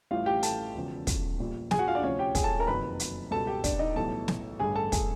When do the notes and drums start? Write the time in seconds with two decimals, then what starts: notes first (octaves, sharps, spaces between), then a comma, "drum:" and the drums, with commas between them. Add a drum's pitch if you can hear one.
0.11 A1 A2 E3 G3 F4 F5
0.26 G4 G5
0.43 A4 A5, drum: hi-hat
0.74 E1 E2 C#3 F3
1.07 drum: kick, hi-hat
1.40 A#1 A#2 G3
1.71 G#4 G#5, drum: snare
1.79 F#4 F#5
1.87 F4 F5
1.95 D4 D5
2.03 D2 C3 F3 C#4 C#5
2.19 G4 G5
2.35 G#4 G#5, drum: kick, hi-hat
2.43 A4 A5
2.60 A#4 A#5
2.67 F#1 F2 C3 D#3 F#3 B4 B5
3.00 drum: hi-hat
3.31 C#2 B2 G3 A4 A5
3.47 G4 G5
3.64 D4 D5, drum: kick, hi-hat
3.79 D#4 D#5
3.95 B1 A2 E3 G3 A4 A5
4.28 drum: snare
4.60 A1 G2 D3 G3 G#4 G#5
4.75 A4 A5
4.92 G#4 G#5, drum: kick, hi-hat